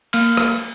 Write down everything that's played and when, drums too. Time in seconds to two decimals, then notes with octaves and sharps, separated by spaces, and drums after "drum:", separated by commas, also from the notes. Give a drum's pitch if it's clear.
0.13 A#3 F6, drum: cymbal
0.37 drum: rim click